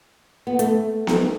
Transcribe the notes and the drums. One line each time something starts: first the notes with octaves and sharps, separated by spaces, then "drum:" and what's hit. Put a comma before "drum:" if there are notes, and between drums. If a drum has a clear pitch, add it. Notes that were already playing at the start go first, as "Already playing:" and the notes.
B3
A3, drum: hi-hat
drum: snare B3